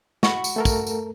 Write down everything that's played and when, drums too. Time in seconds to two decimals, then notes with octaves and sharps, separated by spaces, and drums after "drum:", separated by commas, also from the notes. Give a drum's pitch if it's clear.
0.23 F#4 B5 C#6, drum: snare
0.44 drum: tambourine
0.56 A3 A4 A#4
0.65 drum: kick, tambourine
0.87 drum: tambourine